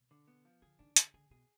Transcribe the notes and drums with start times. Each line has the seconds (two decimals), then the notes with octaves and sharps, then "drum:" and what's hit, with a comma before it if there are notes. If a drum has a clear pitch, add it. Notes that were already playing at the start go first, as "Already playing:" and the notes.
Already playing: B2
0.11 D3
0.27 B3
0.45 F3
0.62 D3 G#4
0.79 D#3 D4
0.96 D3 G#4, drum: hi-hat
1.14 D3 G#4
1.31 B2 G#4